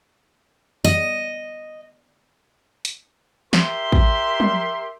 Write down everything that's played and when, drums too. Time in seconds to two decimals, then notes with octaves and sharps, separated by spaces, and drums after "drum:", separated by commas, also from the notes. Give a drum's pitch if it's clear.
0.84 D#5
2.85 drum: hi-hat
3.53 G4 A#4 E5 C6, drum: snare
3.92 drum: kick
4.40 drum: tom